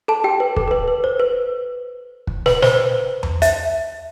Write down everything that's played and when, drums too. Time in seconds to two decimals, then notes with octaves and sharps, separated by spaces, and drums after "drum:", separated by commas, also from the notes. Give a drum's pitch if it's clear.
0.08 A4 A5
0.24 G4 G5
0.40 B4
0.57 A4, drum: kick
0.68 A4
0.71 B4
0.88 B4
1.04 C5
1.20 B4
2.27 drum: kick
2.46 B4, drum: snare
2.62 C5, drum: snare
3.23 drum: tom E2
3.42 E5, drum: hi-hat